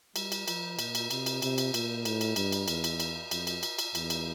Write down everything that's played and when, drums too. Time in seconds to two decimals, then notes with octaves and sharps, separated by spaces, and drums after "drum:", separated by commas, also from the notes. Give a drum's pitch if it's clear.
0.16 G3, drum: cymbal
0.32 drum: cymbal
0.48 F3, drum: cymbal
0.79 A#2, drum: cymbal
0.95 drum: cymbal
1.11 C3, drum: cymbal
1.26 drum: cymbal
1.42 C3, drum: cymbal
1.58 drum: cymbal
1.74 A#2, drum: cymbal
2.05 A2, drum: cymbal
2.21 drum: cymbal
2.36 G2, drum: cymbal
2.52 drum: cymbal
2.68 E2, drum: cymbal
2.84 drum: cymbal
3.00 drum: cymbal
3.31 F2, drum: cymbal
3.47 drum: cymbal
3.63 drum: cymbal
3.79 drum: cymbal
3.95 E2, drum: cymbal
4.10 drum: cymbal